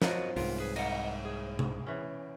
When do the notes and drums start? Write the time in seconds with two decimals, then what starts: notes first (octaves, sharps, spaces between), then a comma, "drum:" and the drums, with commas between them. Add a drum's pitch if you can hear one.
0.02 F3 F#3 C4 F#4 A#4 D#5, drum: snare
0.36 C2 G#2 B3 F4 A#4, drum: open hi-hat
0.60 G#4 B4
0.76 A#3 D#5 F#5, drum: cymbal
1.25 G#4
1.59 drum: tom C3
1.86 E3 C#4